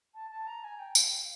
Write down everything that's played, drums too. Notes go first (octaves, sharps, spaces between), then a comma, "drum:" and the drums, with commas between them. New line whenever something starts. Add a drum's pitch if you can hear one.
A5
A5
A#5
G#5
G5
F5, drum: tambourine
F5